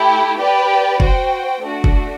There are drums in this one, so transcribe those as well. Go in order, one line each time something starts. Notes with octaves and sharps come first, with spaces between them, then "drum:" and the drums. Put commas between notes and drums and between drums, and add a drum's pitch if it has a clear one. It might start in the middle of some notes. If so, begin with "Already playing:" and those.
Already playing: A3 E4 G4
G4 B4 D5
F#4 C5 G5, drum: kick F#1
A3 D4 F#4
drum: kick F#1